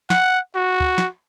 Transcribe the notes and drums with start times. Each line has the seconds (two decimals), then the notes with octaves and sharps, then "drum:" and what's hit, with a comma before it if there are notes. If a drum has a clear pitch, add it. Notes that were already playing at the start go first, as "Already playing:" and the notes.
0.10 F#5, drum: snare
0.56 F#4
0.80 drum: kick
0.98 drum: snare